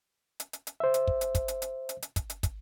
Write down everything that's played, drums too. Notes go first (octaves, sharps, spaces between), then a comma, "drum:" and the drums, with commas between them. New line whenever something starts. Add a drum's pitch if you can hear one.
drum: hi-hat
drum: hi-hat
drum: hi-hat
C5 E5
drum: hi-hat
drum: kick
drum: hi-hat
drum: kick, hi-hat
drum: hi-hat
drum: hi-hat
drum: hi-hat
drum: hi-hat
drum: kick, hi-hat
drum: hi-hat
drum: kick, hi-hat